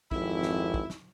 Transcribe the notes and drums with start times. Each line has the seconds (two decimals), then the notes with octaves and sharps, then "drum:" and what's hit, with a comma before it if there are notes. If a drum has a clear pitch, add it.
0.11 G#1 F2 E4, drum: kick
0.43 drum: snare
0.74 drum: kick
0.90 drum: snare